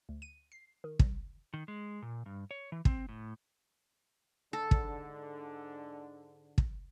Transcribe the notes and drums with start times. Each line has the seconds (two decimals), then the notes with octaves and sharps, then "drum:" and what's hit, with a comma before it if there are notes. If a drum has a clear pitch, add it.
0.09 D2
0.22 D#7
0.52 C7
0.84 D#3
0.99 C2, drum: kick
1.54 D#3
1.68 G#3
2.02 A#2
2.26 G2
2.51 C#5
2.72 E3
2.85 C4, drum: kick
3.09 A2
4.53 G#2 D3 A4
4.71 drum: kick
6.58 drum: kick